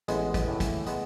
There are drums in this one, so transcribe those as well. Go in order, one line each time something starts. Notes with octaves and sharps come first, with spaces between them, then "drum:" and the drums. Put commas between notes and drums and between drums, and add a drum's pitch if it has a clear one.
A1 G#3 B3, drum: hi-hat
drum: kick, hi-hat
A2 E3
drum: kick, hi-hat
G#3 B3, drum: hi-hat